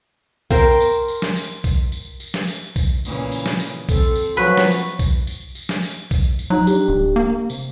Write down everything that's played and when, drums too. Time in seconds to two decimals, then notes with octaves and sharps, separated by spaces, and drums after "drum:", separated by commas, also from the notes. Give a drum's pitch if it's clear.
0.51 A#4 C5 G5, drum: kick A#1, tambourine
0.80 drum: tambourine
1.08 drum: tambourine
1.22 drum: snare
1.36 drum: tambourine
1.64 drum: kick A#1, tambourine
1.92 drum: tambourine
2.20 drum: tambourine
2.34 drum: snare
2.48 drum: tambourine
2.76 drum: kick A#1, tambourine
3.05 A#2 C#3 E3, drum: tambourine
3.32 drum: tambourine
3.46 drum: snare
3.60 drum: tambourine
3.89 C4 A4, drum: kick A#1, tambourine
4.16 drum: tambourine
4.37 F3 F#3 B4 C#6
4.57 drum: snare
4.71 drum: tambourine
4.99 drum: kick A#1, tambourine
5.27 drum: tambourine
5.55 drum: tambourine
5.69 drum: snare
5.83 drum: tambourine
6.11 drum: kick A#1, tambourine
6.39 drum: tambourine
6.50 F#3 D#4 A#5 F#6
6.67 D4 G4, drum: tambourine
6.88 D1
7.16 A#3
7.50 C3, drum: tambourine